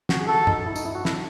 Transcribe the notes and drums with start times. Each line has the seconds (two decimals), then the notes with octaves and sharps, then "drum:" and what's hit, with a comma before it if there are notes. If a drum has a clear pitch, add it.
0.09 F#4, drum: snare
0.19 G#4
0.28 F#4 A4
0.47 D#4, drum: tom G2
0.66 E4
0.76 D#4, drum: tambourine
0.86 E4
0.95 F#4
1.05 E4, drum: snare